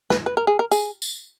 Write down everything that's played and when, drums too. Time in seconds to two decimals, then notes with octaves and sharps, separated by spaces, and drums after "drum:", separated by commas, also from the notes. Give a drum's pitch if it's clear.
0.10 B4, drum: snare
0.26 B4
0.37 A#4
0.47 G#4
0.59 A#4
0.71 G#4, drum: tambourine
1.02 drum: tambourine